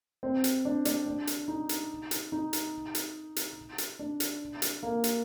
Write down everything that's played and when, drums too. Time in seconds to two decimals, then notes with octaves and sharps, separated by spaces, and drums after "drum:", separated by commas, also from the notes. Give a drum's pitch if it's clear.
0.23 C4
0.44 drum: hi-hat
0.65 D4
0.85 D4, drum: hi-hat
1.06 D4
1.27 drum: hi-hat
1.48 D#4
1.69 drum: hi-hat
2.11 drum: hi-hat
2.32 D#4
2.53 drum: hi-hat
2.95 drum: hi-hat
3.36 drum: hi-hat
3.78 drum: hi-hat
3.99 D4
4.20 drum: hi-hat
4.62 drum: hi-hat
4.83 A#3
5.04 drum: hi-hat